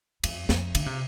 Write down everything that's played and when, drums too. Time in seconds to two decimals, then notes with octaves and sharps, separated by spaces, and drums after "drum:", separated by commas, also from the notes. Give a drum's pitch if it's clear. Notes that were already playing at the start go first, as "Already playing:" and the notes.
0.24 F2, drum: cymbal
0.49 F2, drum: snare
0.75 D3, drum: cymbal
0.86 C3